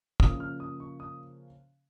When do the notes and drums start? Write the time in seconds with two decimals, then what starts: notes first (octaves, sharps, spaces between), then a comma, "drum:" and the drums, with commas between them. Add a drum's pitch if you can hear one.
0.20 C#3 F3 A#3 C#4 D#6, drum: kick
0.40 F6
0.60 D#6
0.80 C#6
1.00 D#6